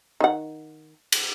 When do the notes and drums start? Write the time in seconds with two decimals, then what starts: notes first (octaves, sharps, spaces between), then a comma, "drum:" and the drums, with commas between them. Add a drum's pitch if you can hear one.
0.20 D#3 F#5
1.12 drum: cymbal